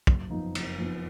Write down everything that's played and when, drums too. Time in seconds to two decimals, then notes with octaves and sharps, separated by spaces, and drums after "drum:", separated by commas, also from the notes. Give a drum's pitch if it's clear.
0.07 F#1, drum: kick
0.31 F2 F3 B3 D#4
0.55 F#1, drum: cymbal
0.78 F2 F3 B3 D#4